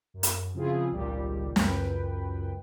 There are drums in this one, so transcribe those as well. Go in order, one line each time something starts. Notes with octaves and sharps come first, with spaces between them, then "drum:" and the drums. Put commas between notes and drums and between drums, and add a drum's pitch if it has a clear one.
F#2
drum: hi-hat
C#3 F3 C4 E4 F4 G#4
G#1 C#2 A#2 G3 G4
C#2 F#2 B4 G5, drum: snare